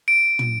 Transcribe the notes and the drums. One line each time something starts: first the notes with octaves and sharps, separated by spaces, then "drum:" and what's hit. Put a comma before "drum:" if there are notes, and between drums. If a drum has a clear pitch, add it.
D7
drum: tom